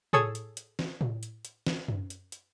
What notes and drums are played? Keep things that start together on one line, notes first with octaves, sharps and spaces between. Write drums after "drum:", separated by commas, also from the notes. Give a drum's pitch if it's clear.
G#4 A4 C#5 D#6 E6 G#6, drum: tom A2
drum: hi-hat
drum: hi-hat
drum: snare
drum: tom A2
drum: hi-hat
drum: hi-hat
drum: snare
drum: tom F#2
drum: hi-hat
drum: hi-hat